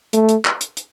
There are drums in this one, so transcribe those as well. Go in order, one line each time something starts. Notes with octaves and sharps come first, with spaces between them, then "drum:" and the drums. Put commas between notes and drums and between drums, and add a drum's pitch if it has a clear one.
A3, drum: hi-hat
drum: hi-hat
drum: clap
drum: hi-hat
drum: hi-hat